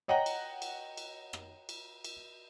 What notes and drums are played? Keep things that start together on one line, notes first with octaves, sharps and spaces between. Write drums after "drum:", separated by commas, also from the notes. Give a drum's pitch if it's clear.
C#5 D#5 F#5 G5 A#5
drum: cymbal
drum: cymbal
drum: cymbal
drum: rim click
drum: cymbal
drum: cymbal